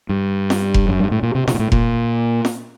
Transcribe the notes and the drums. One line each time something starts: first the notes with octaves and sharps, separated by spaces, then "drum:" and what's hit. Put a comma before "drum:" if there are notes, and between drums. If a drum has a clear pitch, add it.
G2
drum: snare F4
drum: kick F1
F#2
G2
A2
A#2
C3
C3, drum: snare F4
A#2
A2
A#2, drum: kick F1
drum: snare F4